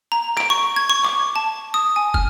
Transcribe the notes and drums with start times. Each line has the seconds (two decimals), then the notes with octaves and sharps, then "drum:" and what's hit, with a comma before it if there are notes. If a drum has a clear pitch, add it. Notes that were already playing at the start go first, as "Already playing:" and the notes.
0.12 A#5
0.37 D7, drum: clap
0.50 C#6
0.76 G#6
0.90 C#6
1.05 D6, drum: clap
1.36 A5
1.74 D#6
1.96 G#5
2.14 F6, drum: kick